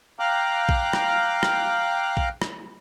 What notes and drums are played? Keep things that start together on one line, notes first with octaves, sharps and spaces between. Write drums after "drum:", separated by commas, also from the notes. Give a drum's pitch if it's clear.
F5 G5 A#5 D6 F6 F#6
drum: kick A#1
drum: rim click
drum: rim click
drum: kick A#1
drum: rim click